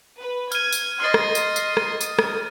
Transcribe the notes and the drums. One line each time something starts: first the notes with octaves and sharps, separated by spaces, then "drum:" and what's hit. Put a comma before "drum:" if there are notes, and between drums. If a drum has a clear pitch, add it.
B4
F6 G#6 D#7, drum: tambourine
drum: tambourine
D#5 C6 F6 A6
drum: rim click
drum: tambourine
drum: tambourine
drum: rim click
D#6, drum: tambourine
drum: rim click